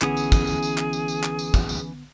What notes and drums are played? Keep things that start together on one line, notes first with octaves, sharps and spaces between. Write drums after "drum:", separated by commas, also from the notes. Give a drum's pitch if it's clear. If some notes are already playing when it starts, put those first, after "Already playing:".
A#1 D3 E3 B3 C#4 G#4 D#6, drum: clap
drum: tambourine
drum: kick, tambourine
drum: tambourine
drum: tambourine
drum: clap
drum: tambourine
drum: tambourine
drum: clap
drum: tambourine
drum: kick, tambourine
drum: tambourine